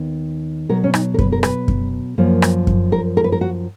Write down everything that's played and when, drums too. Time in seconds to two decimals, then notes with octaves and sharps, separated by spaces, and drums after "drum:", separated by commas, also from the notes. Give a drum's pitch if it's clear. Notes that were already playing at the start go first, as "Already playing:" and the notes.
Already playing: D#2 D#3 B3
0.69 B2 F#3 B3 A#4
0.84 C#4
0.94 D#4, drum: rim click
1.14 A#4
1.19 B4, drum: kick F#2
1.32 A#4
1.43 B4, drum: rim click
1.68 drum: kick F#2
2.18 F#2 F3 A#3
2.42 drum: rim click
2.67 drum: kick F#2
2.92 A#4
3.17 A#4
3.24 B4
3.32 A#4
3.41 F#4